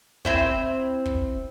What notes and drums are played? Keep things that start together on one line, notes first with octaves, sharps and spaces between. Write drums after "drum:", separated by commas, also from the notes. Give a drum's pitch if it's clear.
C4 E4 C5, drum: kick
drum: kick